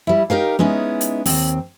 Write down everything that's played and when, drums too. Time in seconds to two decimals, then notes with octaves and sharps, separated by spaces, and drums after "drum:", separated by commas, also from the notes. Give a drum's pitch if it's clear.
0.07 G3 E4
0.30 D#4 G4 A#4 F5
0.59 G#3 B3 C#4 D#4 E4
1.01 drum: hi-hat
1.26 D#2 C4, drum: open hi-hat